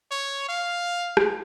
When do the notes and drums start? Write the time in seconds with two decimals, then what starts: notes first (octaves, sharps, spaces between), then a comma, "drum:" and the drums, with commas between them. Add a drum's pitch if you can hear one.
0.11 C#5
0.48 F5
1.17 drum: rim click